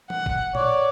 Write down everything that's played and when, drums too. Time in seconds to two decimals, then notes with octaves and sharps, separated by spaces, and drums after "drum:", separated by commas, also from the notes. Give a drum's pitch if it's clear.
0.10 F#5, drum: tom E3
0.26 drum: kick A1
0.55 C#5 D5, drum: tom A2